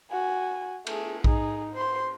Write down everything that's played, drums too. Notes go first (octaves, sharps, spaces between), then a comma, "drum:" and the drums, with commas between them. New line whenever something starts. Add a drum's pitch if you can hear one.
F#4 G#5
A3 G#4, drum: cymbal
D#4 G#4, drum: kick A#1
C5 C6